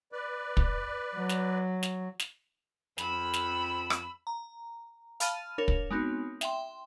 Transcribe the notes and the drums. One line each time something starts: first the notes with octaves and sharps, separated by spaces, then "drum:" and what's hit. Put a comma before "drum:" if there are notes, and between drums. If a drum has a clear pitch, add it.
B4 D5
drum: kick
F#3
drum: snare
drum: snare
drum: snare
F2 B5 E6, drum: snare
drum: snare
drum: rim click
A#5
F5 A5 B5 F6 A6 D#7, drum: hi-hat
D4 A#4 C#5 F7
drum: kick
G#3 B3 C4 D#4 F#4
E5 G5 C6, drum: snare